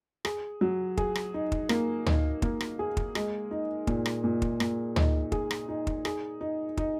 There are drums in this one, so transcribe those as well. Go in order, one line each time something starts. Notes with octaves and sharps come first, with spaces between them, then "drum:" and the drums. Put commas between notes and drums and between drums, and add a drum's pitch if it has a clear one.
G#4, drum: rim click
F#3
G#4, drum: kick
drum: rim click
D#4
drum: kick
A#3, drum: rim click
D#4, drum: tom D2
A#3, drum: kick
drum: rim click
G#4
drum: kick
G#3, drum: rim click
D#4
A#2, drum: kick
drum: rim click
A#2
drum: kick
A#2, drum: rim click
D#4, drum: tom D2
G#4, drum: kick
drum: rim click
D#4
drum: kick
G#4, drum: rim click
D#4
D#4, drum: kick